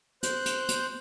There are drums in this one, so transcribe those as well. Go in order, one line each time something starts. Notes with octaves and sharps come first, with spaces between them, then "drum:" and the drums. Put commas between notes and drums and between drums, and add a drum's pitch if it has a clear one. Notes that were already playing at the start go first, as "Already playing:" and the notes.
C5 F#6 G6, drum: hi-hat
drum: hi-hat
drum: hi-hat